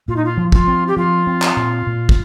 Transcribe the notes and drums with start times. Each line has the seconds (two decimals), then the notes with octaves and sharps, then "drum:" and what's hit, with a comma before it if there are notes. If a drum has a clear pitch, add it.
0.08 A#2 F4
0.16 D#4
0.25 F4
0.37 F3
0.52 F4, drum: kick
0.68 C4
0.88 G4
0.97 F3 F4
1.27 C4
1.42 drum: clap
1.57 A#2
1.87 A#2
2.09 drum: kick